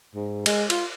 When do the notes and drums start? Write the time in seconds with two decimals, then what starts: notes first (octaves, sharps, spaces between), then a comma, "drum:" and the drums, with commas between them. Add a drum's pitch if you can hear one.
0.15 G#2
0.46 G#3, drum: cymbal
0.70 F4, drum: cymbal